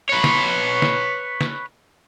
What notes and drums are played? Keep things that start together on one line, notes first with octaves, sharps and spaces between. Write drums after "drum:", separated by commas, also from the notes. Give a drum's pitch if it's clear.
B4 C#5
drum: snare
drum: snare
drum: snare